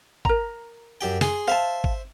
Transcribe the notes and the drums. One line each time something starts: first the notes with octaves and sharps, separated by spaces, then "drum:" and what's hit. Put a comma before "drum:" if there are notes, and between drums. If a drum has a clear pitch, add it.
A#4 A#5, drum: kick G#1
F#2 G4 G5
G#4 G#5 C6, drum: snare
C5 E5 F5 A5
drum: kick G#1